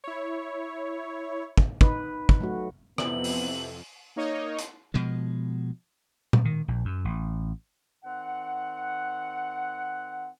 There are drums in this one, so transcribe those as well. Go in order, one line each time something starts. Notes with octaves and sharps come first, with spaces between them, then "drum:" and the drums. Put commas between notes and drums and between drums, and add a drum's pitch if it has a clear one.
E4 C#5
drum: kick
D#4 B4, drum: kick
drum: kick
F#3 A3 F#4
F2 C3 E3 B3 F#7, drum: rim click
drum: open hi-hat
A#3 D#4 C#5 D#5
drum: hi-hat
B2 F3 G#3
drum: tom A#2
D#3
A#1
F#2
A1
D#3 C4 F#5